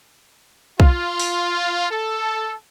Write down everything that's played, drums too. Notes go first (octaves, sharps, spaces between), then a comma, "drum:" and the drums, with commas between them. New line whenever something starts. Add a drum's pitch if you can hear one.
F4, drum: kick B1
drum: open hi-hat
A4